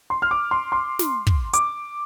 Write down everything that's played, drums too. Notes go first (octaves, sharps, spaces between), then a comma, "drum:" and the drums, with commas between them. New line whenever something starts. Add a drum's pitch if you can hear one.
C6
F6
D6
C6
C6
drum: snare
drum: kick
D6, drum: hi-hat